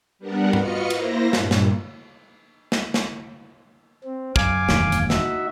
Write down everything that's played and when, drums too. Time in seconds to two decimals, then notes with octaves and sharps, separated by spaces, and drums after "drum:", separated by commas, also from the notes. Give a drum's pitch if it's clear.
0.19 G3 B3 D4 A#4 F#5
0.53 F4 F#4 B4 D#5 F6 C#7, drum: tom G#2
0.90 A#3 E4 C5 A#6, drum: cymbal
1.33 G2 A#2, drum: snare
1.51 drum: snare
2.72 drum: snare
2.94 drum: snare
4.04 C4
4.36 F#2 F5 G#5 D6, drum: kick
4.69 E1 D#2, drum: snare
4.92 drum: hi-hat
5.10 D#4 F#4 E5, drum: snare